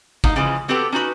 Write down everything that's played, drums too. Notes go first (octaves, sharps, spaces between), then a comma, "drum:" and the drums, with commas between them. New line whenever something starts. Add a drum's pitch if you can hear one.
D#4 F5 F#5, drum: kick
C#3 E3 F3 G#3 C#4
B3 C4 F#4 G4 A4 B4
C#4 D#4 F#4 B4